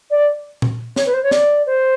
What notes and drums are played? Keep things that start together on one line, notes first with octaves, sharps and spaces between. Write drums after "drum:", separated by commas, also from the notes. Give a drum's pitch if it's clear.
D5
drum: tom A#2
C#5, drum: snare
B4
C5
C#5
D5, drum: snare
C5